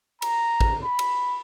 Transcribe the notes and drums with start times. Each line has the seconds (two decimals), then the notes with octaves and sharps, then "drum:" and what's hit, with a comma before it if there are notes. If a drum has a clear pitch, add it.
0.22 A#5, drum: cymbal
0.61 drum: kick
0.83 B5
0.99 drum: cymbal